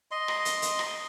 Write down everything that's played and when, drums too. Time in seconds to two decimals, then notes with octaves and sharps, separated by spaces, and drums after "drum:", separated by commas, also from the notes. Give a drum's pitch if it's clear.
0.11 D#5 C6
0.28 drum: rim click
0.45 drum: hi-hat
0.62 drum: hi-hat
0.79 drum: rim click